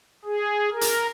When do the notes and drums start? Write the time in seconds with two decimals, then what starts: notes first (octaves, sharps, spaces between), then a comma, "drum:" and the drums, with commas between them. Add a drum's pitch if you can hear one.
0.25 G#4
0.72 A#4
0.81 drum: hi-hat